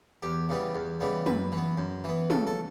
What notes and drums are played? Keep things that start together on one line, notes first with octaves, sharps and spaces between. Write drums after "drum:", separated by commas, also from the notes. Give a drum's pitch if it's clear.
E2 G4
C#3 E3 G3 B3
E2
C#3 E3 G3 B3
F#2 B4, drum: tom
E3
B3
F#2
E3 B3
C#3 A4, drum: tom
A4